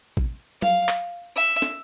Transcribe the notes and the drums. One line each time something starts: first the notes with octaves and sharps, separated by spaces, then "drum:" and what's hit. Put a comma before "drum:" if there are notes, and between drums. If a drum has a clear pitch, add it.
drum: kick A1
F5, drum: tom F#3
drum: clap
E5
drum: snare